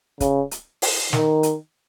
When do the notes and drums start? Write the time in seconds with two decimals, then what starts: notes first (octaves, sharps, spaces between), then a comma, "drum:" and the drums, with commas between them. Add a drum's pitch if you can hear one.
0.20 C#3, drum: kick, hi-hat
0.51 drum: hi-hat
0.82 drum: open hi-hat
1.13 D#3, drum: snare
1.43 drum: hi-hat